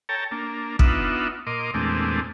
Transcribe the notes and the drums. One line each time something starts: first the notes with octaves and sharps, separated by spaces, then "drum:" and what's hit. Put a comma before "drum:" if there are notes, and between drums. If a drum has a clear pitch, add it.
A4 C#5 G5 A5 A#5
A#3 D4
B3 D4 D#4 F4 E5 F#5, drum: kick
A#2 A#4 D#5 C6 D6
E2 A#2 G#3 A3 C4 D4